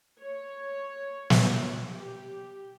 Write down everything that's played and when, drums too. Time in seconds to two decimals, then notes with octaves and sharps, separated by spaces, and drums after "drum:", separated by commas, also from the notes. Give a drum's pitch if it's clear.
0.22 C#5
1.30 drum: snare
1.90 G4